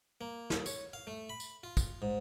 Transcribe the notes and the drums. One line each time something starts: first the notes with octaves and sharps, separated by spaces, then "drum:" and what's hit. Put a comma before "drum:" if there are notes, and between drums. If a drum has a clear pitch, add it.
A#3
D#2, drum: snare
C#5, drum: tambourine
F5
A3
B5
drum: tambourine
F4
drum: kick, tambourine
G#2